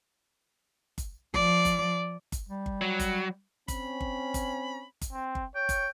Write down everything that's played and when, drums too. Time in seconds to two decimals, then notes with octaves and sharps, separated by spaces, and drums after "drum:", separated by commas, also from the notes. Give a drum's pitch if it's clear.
0.98 drum: kick G1, hi-hat
1.34 F3 D5, drum: kick G1
1.65 drum: kick G1, hi-hat
2.32 drum: kick G1, hi-hat
2.49 G3
2.66 drum: kick G1
2.81 F#3
3.00 drum: kick G1, hi-hat
3.68 C4 C#4 B5, drum: kick G1, hi-hat
4.01 drum: kick G1
4.34 drum: kick G1, hi-hat
5.02 drum: kick G1, hi-hat
5.12 C4
5.35 drum: kick G1
5.55 C#5 G5
5.69 drum: kick G1, hi-hat